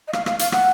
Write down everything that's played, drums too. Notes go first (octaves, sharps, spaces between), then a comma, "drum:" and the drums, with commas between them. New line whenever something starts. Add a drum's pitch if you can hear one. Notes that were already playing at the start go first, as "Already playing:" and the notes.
D#5
F5, drum: rim click
F5, drum: rim click
F5, drum: hi-hat
F#5, drum: rim click